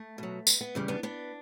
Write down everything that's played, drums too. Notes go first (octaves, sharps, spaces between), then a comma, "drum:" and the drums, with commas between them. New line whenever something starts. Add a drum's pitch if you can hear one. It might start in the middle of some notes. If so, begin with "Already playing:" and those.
Already playing: A3
B2 F#3
B3, drum: tambourine
B3
E2 C#3 G3
B3 D4
B3 D4